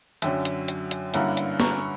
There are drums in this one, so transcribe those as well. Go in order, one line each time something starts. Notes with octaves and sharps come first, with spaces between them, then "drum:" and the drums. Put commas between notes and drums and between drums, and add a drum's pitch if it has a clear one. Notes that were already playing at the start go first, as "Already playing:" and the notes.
F#2 D3 F#3 C#4 E5 G5, drum: hi-hat
drum: hi-hat
drum: hi-hat
drum: hi-hat
G2 D3 A#3 C#4 E4 F#5 A#5, drum: hi-hat
drum: hi-hat
A#5 C#6, drum: snare